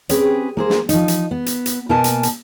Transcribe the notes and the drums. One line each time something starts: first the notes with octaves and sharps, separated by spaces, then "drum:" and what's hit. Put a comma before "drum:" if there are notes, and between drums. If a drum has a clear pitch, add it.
C4 C#4 G4 G#4 B4, drum: hi-hat
A#3 G#4 C5
drum: snare
F3 D#4, drum: hi-hat
drum: hi-hat
B3
drum: hi-hat
drum: hi-hat
B2 A#3 A#4 B4 G#5 A5
drum: hi-hat
drum: hi-hat